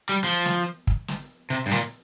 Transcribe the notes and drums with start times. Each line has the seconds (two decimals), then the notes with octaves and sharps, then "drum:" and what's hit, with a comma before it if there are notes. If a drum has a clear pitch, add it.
0.09 G3
0.24 F3
0.45 drum: snare
0.87 drum: kick
1.08 drum: snare
1.50 C3
1.66 G2
1.71 A#2, drum: snare